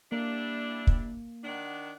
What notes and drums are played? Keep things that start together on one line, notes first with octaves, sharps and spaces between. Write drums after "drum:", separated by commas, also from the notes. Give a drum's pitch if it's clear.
G3 A#3 D4 E4
drum: kick
D#3 D4 F#5